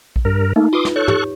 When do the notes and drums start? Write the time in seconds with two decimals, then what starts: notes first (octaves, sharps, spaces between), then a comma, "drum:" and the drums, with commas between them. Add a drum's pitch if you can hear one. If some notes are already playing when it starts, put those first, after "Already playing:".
0.16 drum: kick A#1
0.25 G2 A#4
0.56 A3 A#3 D#4
0.73 F4 B4 C6 D6 D#6
0.85 drum: snare
0.96 A4 C#5 C#6 F#6
1.08 G4, drum: tom